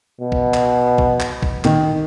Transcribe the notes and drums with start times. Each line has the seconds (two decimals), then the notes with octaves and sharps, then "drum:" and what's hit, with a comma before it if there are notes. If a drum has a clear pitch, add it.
0.21 B2
0.32 drum: kick
0.54 drum: clap
0.98 drum: kick
1.20 drum: clap
1.42 drum: kick
1.65 D#3, drum: clap